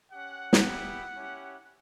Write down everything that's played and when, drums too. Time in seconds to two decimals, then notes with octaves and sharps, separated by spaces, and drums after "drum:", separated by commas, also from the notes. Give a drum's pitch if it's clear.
0.11 C#4 G4 F#5
0.53 drum: snare
0.63 B3 E4 G4
1.14 C#4 E4 G4